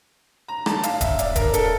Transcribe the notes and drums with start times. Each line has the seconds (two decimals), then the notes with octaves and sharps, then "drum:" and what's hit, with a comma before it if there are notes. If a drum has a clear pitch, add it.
0.48 A#5
0.66 A5, drum: rim click
0.83 F5, drum: hi-hat
1.01 E5, drum: kick D#1, hi-hat
1.19 D5, drum: hi-hat
1.36 A#4, drum: kick D#1, hi-hat
1.54 A4, drum: hi-hat